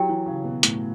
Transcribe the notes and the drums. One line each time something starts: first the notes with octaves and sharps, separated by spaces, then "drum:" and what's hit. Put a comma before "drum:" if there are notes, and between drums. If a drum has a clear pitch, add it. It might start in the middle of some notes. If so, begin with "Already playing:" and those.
Already playing: F#3 E4 G4 C#5 G5
E3
C#3
B2
A2, drum: hi-hat